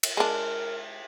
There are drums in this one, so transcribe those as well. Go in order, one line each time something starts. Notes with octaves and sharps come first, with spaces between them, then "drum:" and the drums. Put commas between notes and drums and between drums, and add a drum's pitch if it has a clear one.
drum: cymbal
G#3 D4 A#4